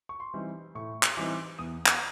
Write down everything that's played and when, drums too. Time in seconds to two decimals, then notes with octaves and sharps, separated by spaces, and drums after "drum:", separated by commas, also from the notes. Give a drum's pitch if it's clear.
0.09 C#6
0.20 C6
0.34 E3 G3 C4 D#4
0.75 A2 C#6
1.03 drum: clap
1.17 E3 G3 C4 D#4 D6
1.59 E2 D#6
1.86 drum: clap